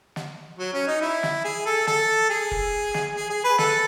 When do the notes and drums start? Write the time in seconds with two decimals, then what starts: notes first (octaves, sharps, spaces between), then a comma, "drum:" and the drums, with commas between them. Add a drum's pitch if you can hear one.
0.16 drum: snare
0.59 F#3
0.73 C#4
0.87 D#4
1.01 E4
1.23 drum: snare
1.45 G#4
1.66 A4
1.87 A4, drum: snare
2.30 G#4
2.51 drum: kick F1
2.94 drum: snare
3.16 G#4
3.30 G#4
3.44 B4
3.58 A4, drum: snare